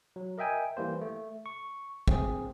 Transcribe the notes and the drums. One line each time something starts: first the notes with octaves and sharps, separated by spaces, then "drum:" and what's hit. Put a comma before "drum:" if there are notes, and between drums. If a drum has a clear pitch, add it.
F#3
A#4 D#5 E5 G5 G#5
E3 G3 A#3 C5
A3
C#6
C4 G#4, drum: kick